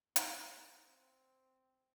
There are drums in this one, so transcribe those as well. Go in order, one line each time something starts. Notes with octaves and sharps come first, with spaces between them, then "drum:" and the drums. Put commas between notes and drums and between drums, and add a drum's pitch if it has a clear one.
A#3, drum: hi-hat
C4